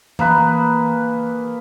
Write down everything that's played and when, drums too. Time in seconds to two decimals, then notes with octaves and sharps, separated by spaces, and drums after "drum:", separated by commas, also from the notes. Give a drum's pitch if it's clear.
0.19 A#3 G#4 B4, drum: tom E3